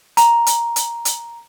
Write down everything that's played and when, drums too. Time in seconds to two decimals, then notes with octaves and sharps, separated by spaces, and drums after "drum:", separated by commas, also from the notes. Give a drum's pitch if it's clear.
0.17 A#5, drum: hi-hat
0.47 drum: hi-hat
0.76 drum: hi-hat
1.05 drum: hi-hat